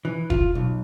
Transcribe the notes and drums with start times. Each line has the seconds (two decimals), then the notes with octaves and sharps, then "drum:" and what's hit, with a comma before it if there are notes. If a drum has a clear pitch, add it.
0.05 E3
0.30 F4, drum: kick F1
0.55 B1